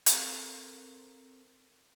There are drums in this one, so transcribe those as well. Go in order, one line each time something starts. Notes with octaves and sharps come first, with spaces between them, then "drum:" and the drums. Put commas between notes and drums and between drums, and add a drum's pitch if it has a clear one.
C4 A4 A#4 C5, drum: hi-hat